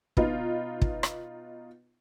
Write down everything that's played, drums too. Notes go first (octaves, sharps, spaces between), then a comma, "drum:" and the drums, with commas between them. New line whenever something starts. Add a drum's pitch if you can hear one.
B2 D#4 F4 B4, drum: kick
drum: kick
drum: rim click